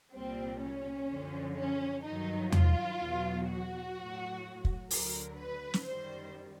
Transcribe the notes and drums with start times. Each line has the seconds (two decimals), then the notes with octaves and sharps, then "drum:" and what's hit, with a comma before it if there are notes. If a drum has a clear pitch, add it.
0.14 C2 A#2 G3 C4
0.61 C#4
1.09 F#2 D3 F3
1.58 C#4
2.04 G2 D#3 F#3 D#4
2.52 F4, drum: tom E2
2.99 E2 B2 F#3
3.48 F#4
3.96 A2 F#3
4.65 drum: kick
4.91 D2 D3 F#3 A#4, drum: open hi-hat
5.38 B4
5.74 drum: snare
5.86 F#2 D#3 G3 C5